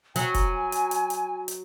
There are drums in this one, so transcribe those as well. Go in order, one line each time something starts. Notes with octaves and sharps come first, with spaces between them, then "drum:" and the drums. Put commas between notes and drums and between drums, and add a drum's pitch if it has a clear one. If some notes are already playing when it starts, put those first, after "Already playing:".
F#3 G#5, drum: hi-hat
drum: kick F1, hi-hat
drum: hi-hat
drum: hi-hat
drum: hi-hat
drum: hi-hat